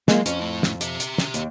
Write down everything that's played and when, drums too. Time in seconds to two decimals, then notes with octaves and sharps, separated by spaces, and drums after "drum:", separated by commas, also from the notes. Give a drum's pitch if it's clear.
0.08 F#3 G#3 A#3 F4, drum: snare
0.26 F2 C#4, drum: hi-hat
0.41 A3 E4
0.63 drum: snare
0.81 G4 E5, drum: hi-hat
1.00 drum: hi-hat
1.18 drum: snare
1.34 D#2, drum: hi-hat